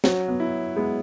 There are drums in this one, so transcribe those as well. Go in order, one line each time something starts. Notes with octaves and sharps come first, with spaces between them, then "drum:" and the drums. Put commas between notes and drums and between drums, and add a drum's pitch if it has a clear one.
F#3 C#4 F#4, drum: snare
B3
E4
G#3 B3